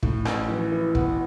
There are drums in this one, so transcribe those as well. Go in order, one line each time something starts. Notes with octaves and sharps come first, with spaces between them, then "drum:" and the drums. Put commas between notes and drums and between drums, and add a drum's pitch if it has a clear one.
A2, drum: kick
A1, drum: rim click
E3
E3
B3, drum: kick